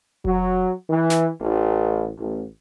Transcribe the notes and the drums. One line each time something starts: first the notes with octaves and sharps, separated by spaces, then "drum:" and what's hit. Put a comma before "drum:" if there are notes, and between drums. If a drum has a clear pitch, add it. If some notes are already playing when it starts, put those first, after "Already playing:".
F#3, drum: kick F1
E3
drum: snare
A1
A1